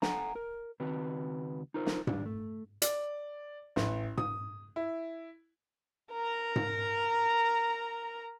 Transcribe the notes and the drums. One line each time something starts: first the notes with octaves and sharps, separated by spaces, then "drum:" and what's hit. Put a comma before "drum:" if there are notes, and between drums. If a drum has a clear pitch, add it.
A4 C5 F5 F#5 G#5 A#5, drum: snare
A#4
C#2 D#3 C4 F#4 B4
D#4 F4 A#4 C5
drum: snare
D#2 G3 D4, drum: tom G#2
A3
D5, drum: hi-hat
A1, drum: snare
D#6, drum: tom G#2
E4
A#4 A#5
drum: tom G#2